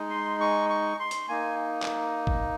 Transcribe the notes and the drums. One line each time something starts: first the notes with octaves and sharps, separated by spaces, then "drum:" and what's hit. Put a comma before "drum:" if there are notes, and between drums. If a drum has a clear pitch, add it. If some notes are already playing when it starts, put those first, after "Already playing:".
Already playing: G#3 D#4
C6
C#6
C#6
C6
drum: hi-hat
A#3 D#4 G#5
drum: clap
drum: kick